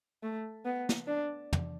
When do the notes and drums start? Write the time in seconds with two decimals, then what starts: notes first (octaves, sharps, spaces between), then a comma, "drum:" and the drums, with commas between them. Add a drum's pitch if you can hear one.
0.23 A3
0.65 B3
0.89 drum: snare
1.07 D4
1.53 drum: tom